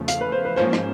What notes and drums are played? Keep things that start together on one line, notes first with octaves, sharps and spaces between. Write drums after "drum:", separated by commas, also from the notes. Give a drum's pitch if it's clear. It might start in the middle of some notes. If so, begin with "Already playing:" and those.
Already playing: E2 C#3 F3 A3
F5, drum: hi-hat
B4
C5
B4
G#2 F3 A#3 C#4 C5
drum: rim click